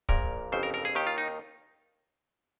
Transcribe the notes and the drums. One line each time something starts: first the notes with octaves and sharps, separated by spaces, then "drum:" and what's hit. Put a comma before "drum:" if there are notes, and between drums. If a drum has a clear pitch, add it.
A#1 A#2 A#4, drum: kick
G1 F2 C#3 C5
A#4
A#4
G#4
D#2 D#3 G4
F4
D#4